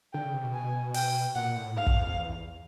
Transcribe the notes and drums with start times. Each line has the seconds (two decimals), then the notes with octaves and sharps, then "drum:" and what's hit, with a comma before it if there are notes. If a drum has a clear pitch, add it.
0.13 D3 G5
0.24 C#3
0.34 C3
0.44 B2
0.54 G#5
0.94 G5, drum: open hi-hat
1.36 A#2 F#5
1.56 A2
1.77 G#2 F5
1.86 G2, drum: kick
1.96 F2
2.07 F2
2.17 E2